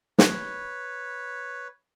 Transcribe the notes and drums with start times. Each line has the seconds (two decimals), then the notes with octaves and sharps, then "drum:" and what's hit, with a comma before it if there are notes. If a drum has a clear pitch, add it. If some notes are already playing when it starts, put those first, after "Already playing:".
0.18 B4 C#5, drum: snare